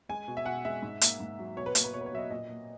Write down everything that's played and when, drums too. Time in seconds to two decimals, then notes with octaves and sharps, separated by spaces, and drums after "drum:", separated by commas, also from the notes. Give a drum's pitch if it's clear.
0.09 G#3 G#5
0.28 B2
0.37 E5
0.46 B2 F#5
0.65 G#3 E5
0.82 G#2
1.01 A#3, drum: hi-hat
1.20 G#2
1.39 F#3
1.56 B2 C#5
1.66 B4
1.75 A#3, drum: hi-hat
1.84 B4
1.93 B2 C#5
2.01 B4
2.06 C#5
2.12 F#3 E5
2.18 D#5
2.30 A#2 D#5
2.50 A#3